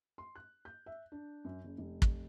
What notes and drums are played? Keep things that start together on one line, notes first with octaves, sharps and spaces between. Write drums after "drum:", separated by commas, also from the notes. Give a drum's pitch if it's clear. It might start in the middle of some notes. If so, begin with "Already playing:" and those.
C6
F#6
G6
E5
D4
F#2
F#1
F1
drum: kick